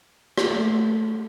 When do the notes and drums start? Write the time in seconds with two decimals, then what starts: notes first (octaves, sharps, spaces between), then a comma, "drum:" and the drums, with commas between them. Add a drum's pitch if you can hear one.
0.38 drum: rim click
0.50 A3